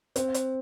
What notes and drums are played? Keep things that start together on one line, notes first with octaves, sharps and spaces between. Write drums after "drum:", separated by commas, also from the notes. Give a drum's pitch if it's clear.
C4, drum: hi-hat
drum: hi-hat